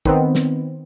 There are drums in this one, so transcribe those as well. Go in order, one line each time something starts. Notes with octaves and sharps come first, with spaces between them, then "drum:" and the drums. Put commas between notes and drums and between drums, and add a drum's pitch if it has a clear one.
D#3 B3 C4, drum: kick
drum: snare